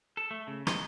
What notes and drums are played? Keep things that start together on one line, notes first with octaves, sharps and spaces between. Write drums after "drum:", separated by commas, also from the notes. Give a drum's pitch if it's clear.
A4
A3
C#3
D#5, drum: rim click